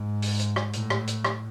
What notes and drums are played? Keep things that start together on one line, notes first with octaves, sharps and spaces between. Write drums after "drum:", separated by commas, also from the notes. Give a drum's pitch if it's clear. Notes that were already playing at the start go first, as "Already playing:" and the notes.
Already playing: G#2
drum: open hi-hat
drum: hi-hat
drum: rim click
A2, drum: hi-hat
drum: rim click
drum: hi-hat
drum: rim click